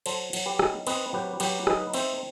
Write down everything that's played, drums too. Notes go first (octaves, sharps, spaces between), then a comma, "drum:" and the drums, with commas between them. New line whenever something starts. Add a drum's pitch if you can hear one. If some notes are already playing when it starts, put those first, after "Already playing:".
F#3 A4 C5, drum: cymbal
F#3, drum: cymbal
G4 B4
D#4, drum: rim click
C4 B4 D#5, drum: cymbal
F#3 G4 B4
F#3 G4 B4, drum: cymbal
D#4 B4 D#5, drum: rim click
C4 C5 E5, drum: cymbal